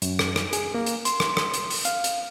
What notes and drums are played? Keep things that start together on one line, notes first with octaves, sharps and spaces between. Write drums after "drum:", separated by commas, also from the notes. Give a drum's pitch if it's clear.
F#2, drum: hi-hat
drum: rim click
drum: rim click
G#4, drum: hi-hat
A#3
drum: hi-hat
C6, drum: hi-hat
drum: rim click
drum: rim click
drum: hi-hat
drum: open hi-hat
F5, drum: hi-hat
drum: hi-hat